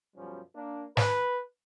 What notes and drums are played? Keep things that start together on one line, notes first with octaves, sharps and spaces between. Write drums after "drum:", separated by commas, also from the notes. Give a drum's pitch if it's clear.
F#2 B2 F3 G3 C#4
A#3 D4
B4, drum: snare